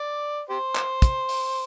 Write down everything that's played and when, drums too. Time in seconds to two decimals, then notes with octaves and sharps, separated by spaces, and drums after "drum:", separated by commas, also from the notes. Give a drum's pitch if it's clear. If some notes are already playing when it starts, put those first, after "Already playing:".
Already playing: D5
0.49 G4 C5
0.75 drum: clap
1.02 drum: kick, hi-hat
1.29 drum: open hi-hat